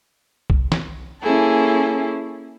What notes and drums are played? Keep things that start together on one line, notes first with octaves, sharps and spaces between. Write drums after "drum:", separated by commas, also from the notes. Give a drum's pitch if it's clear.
drum: kick B1
drum: snare
A#3 C#4 E4 G#4 A4